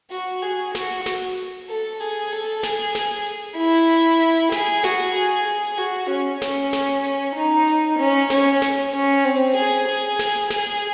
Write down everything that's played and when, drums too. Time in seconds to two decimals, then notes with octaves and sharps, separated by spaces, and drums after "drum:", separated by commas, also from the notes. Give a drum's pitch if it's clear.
0.11 F#4, drum: hi-hat
0.42 G#4
0.75 F#4, drum: snare
1.06 drum: snare
1.37 drum: hi-hat
1.69 A4
2.00 G#4, drum: hi-hat
2.32 A4
2.63 G#4, drum: snare
2.95 drum: snare
3.26 drum: hi-hat
3.58 E4
3.89 drum: hi-hat
4.52 G#4, drum: snare
4.84 F#4, drum: snare
5.15 G#4, drum: hi-hat
5.47 G#4
5.78 F#4, drum: hi-hat
6.10 C#4
6.42 C#4, drum: snare
6.73 drum: snare
7.04 drum: hi-hat
7.36 D#4
7.67 drum: hi-hat
7.99 C#4
8.30 C#4, drum: snare
8.62 drum: snare
8.93 C#4, drum: hi-hat
9.25 C4
9.56 G#4, drum: hi-hat
9.87 G#4
10.19 drum: snare
10.50 G#4, drum: snare